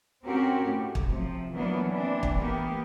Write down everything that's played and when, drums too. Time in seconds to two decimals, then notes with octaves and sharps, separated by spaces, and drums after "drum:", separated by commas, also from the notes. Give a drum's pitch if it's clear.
0.25 C4 C#4 F#4 G4 A#4
0.65 A2
0.95 drum: kick
1.08 C3 F3
1.53 E3 F#3 A#3 B3 D4
1.91 E3 C4 D4
2.23 drum: kick
2.39 A#3 B3 G4